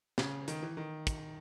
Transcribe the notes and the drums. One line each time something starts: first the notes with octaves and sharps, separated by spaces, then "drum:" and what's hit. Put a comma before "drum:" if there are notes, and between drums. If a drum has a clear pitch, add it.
C#3, drum: snare
D#3, drum: hi-hat
E3
D#3
drum: kick, hi-hat